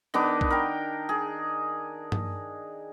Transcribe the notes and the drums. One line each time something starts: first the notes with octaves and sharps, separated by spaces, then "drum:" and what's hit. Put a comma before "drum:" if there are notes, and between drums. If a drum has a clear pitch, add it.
D#3 B3 D4 D6
drum: kick A#1
A#4 G5
G#4
drum: tom G2